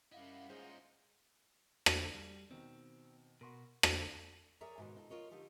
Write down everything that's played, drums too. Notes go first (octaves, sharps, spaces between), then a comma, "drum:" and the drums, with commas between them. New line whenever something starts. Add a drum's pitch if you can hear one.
F#2 G3 E4 D#5 F5 F#5
A#2 G#3 C#4 D#4 G#4 C5
drum: rim click
G3
B2 D#3 C4
B2 F#4 A#4 B5 C6
drum: rim click
G#4 A#4 C#5 D5 E5 A#5
G#2 B2 D#3
D#4 F4 A4
F4 A#4 C#5 D#5
D3 D#4 F4 G4